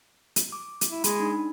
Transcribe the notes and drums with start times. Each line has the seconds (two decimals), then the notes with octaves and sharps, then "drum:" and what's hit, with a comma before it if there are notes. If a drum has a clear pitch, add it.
0.36 drum: hi-hat
0.52 D6
0.81 drum: hi-hat
0.91 E4
1.04 G#3 B5, drum: hi-hat
1.20 D4 D#4